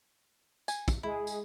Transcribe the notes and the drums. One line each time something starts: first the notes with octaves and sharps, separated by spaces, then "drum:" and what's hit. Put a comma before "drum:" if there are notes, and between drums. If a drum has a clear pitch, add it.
G#5, drum: tambourine
drum: kick, tambourine
G#3 E4 G#4
drum: tambourine